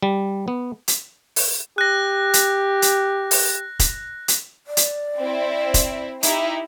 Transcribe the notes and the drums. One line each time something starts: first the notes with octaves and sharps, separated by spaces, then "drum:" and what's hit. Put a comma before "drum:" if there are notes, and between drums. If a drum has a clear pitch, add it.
G3
B3
drum: hi-hat
drum: open hi-hat
G4 F#6 A#6
drum: hi-hat
drum: hi-hat
drum: open hi-hat
drum: kick, hi-hat
drum: hi-hat
D5
drum: hi-hat
C4 E4
drum: kick, hi-hat
D#4 E4 G4 E5, drum: hi-hat